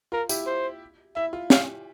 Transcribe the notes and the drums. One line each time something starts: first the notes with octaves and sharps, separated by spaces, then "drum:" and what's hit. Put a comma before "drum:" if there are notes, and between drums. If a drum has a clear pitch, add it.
F4 A#4
E4 G4, drum: tambourine
C5
E4 E5
F4
E4 G4 F5, drum: snare